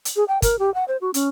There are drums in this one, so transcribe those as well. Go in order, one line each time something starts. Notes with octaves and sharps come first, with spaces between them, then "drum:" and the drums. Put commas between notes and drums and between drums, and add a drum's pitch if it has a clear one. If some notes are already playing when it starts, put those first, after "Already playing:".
drum: hi-hat
G#4
G5
A#4, drum: kick, hi-hat
G4
F#5
C5
F#4
C#4, drum: hi-hat